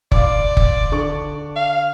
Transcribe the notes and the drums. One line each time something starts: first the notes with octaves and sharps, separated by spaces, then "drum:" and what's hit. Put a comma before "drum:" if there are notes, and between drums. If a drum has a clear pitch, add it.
D5 F5 C6 D6, drum: kick F#1
drum: kick F#1
D3 D4 C#6
F5